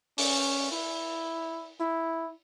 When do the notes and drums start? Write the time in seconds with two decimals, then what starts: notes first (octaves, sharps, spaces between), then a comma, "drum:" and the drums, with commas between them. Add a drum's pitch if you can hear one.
0.18 C#4, drum: open hi-hat
0.72 E4
1.80 E4